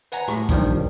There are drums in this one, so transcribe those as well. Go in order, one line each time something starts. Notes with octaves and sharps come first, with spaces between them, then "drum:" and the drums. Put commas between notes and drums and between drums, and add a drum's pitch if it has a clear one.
B4 F#5 G#5 A#5, drum: hi-hat
A2, drum: rim click
G2 A#2 D#3 F3 G3 D4, drum: kick, hi-hat
C2